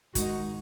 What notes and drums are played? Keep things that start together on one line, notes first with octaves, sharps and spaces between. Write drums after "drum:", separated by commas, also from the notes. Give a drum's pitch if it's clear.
D#3 G#3 D#4 F#4, drum: kick, hi-hat